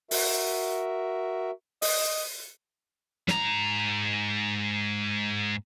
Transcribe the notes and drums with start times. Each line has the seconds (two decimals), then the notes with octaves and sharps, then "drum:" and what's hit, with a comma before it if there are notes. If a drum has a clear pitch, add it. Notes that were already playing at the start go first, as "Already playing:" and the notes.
0.11 F#4 A#4 E5, drum: open hi-hat
1.82 D#5, drum: open hi-hat
3.28 G#2 A#5, drum: snare